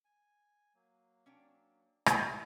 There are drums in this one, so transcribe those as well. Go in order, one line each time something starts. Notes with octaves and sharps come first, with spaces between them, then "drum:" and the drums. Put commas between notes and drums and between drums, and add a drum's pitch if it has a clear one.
G#5
F#3 A#3
C#4 D4 G5
drum: rim click